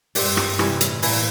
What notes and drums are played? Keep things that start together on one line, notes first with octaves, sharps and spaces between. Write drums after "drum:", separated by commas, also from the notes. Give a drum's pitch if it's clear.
G2 C4 G4 D5, drum: open hi-hat
drum: rim click
A2 C3 E3 G3, drum: rim click
drum: hi-hat
E3 A#3 E4, drum: open hi-hat